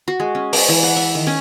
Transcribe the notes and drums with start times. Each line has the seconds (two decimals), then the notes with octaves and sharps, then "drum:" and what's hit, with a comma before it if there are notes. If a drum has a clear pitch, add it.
0.08 F#4
0.20 G#3
0.35 C#4
0.53 D6, drum: open hi-hat
0.69 E3
0.83 F#5
0.96 E5
1.15 D#3
1.27 C#4